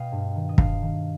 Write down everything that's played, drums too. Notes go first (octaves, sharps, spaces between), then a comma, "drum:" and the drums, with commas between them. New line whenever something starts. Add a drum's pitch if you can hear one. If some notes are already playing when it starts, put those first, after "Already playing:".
Already playing: B2 D#5 F5 G5
G2
D#3
D#5
G2 F5, drum: kick
D#3